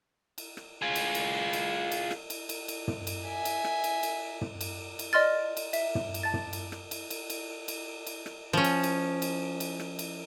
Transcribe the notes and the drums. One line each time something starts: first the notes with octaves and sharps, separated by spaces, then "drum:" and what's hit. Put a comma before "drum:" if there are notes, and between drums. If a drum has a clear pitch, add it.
drum: cymbal
drum: rim click
F4 G#4
drum: cymbal
drum: cymbal
drum: cymbal
drum: cymbal
drum: rim click
drum: cymbal
drum: cymbal
drum: cymbal
drum: tom
drum: cymbal
E5 G#5
drum: cymbal
drum: rim click
drum: cymbal
drum: cymbal
drum: tom
drum: cymbal
drum: cymbal
D5 D#5 C6 F6 A6
drum: cymbal
E5, drum: cymbal
drum: tom
drum: cymbal
A5 A6
drum: tom
drum: cymbal
drum: rim click
drum: cymbal
drum: cymbal
drum: cymbal
drum: cymbal
drum: cymbal
drum: rim click
F3 C#4
drum: cymbal
drum: cymbal
drum: cymbal
drum: cymbal
drum: rim click
drum: cymbal